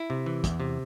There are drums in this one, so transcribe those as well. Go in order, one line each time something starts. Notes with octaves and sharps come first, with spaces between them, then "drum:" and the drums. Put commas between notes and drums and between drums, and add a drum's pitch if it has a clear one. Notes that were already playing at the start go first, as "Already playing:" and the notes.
Already playing: E4
C3
E3
E2, drum: kick, hi-hat
C3